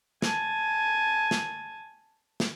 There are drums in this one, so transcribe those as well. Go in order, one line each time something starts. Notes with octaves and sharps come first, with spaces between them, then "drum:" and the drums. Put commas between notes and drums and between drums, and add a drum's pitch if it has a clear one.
G#5 A5, drum: snare
drum: snare
drum: snare